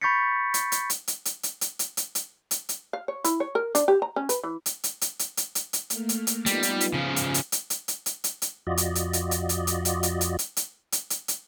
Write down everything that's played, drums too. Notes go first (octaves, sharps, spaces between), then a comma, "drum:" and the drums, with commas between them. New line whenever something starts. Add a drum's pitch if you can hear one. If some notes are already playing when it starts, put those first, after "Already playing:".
B5 C#6 G6 A6 B6 C#7
drum: hi-hat
drum: hi-hat
drum: hi-hat
drum: hi-hat
drum: hi-hat
drum: hi-hat
drum: hi-hat
drum: hi-hat
drum: hi-hat
drum: hi-hat
drum: hi-hat
drum: hi-hat
F5
C#5
E4, drum: hi-hat
C#5
A#4
D4, drum: hi-hat
G4
A#5
C#4
B4, drum: hi-hat
E3
drum: hi-hat
drum: hi-hat
drum: hi-hat
drum: hi-hat
drum: hi-hat
drum: hi-hat
drum: hi-hat
A3 A#3 F6, drum: hi-hat
drum: hi-hat
drum: hi-hat
G3 B3 D#4 F4, drum: hi-hat
drum: hi-hat
drum: hi-hat
C#3 F3 G#5 D6 F6
drum: hi-hat
drum: hi-hat
drum: hi-hat
drum: hi-hat
drum: hi-hat
drum: hi-hat
drum: hi-hat
drum: hi-hat
F2 F4 F#4 D5 D#5
drum: hi-hat
drum: hi-hat
drum: hi-hat
drum: hi-hat
drum: hi-hat
drum: hi-hat
drum: hi-hat
drum: hi-hat
drum: hi-hat
drum: hi-hat
drum: hi-hat
drum: hi-hat
drum: hi-hat
drum: hi-hat